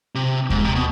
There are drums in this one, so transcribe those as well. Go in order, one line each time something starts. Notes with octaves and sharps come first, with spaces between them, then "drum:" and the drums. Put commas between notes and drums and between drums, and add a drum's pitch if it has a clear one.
C3
G#2, drum: kick D#2
C3
B2